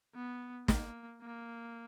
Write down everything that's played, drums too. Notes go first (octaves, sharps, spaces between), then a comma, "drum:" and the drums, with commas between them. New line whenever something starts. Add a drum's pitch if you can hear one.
B3
A#3, drum: snare
A#3